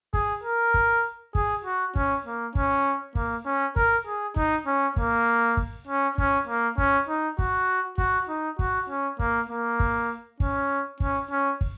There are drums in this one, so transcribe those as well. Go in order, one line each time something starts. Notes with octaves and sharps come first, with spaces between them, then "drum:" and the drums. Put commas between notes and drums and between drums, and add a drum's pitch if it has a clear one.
G#4, drum: kick
A#4
drum: kick
G#4, drum: kick
F#4
C#4, drum: kick
A#3
C#4, drum: kick
A#3, drum: kick
C#4
A#4, drum: kick
G#4
D#4, drum: kick
C#4
A#3, drum: kick
drum: kick
C#4
C#4, drum: kick
A#3
C#4, drum: kick
D#4
F#4, drum: kick
F#4, drum: kick
D#4
F#4, drum: kick
C#4
A#3, drum: kick
A#3
drum: kick
C#4, drum: kick
C#4, drum: kick
C#4
drum: kick